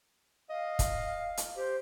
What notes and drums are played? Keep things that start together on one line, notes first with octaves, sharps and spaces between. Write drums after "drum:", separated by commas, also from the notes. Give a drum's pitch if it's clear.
D#5 F5
drum: kick, hi-hat
drum: hi-hat
G4 C5